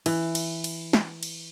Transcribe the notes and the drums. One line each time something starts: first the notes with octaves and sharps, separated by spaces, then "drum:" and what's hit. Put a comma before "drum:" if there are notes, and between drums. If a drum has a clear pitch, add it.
E3, drum: cymbal
drum: cymbal
drum: cymbal
drum: snare
drum: cymbal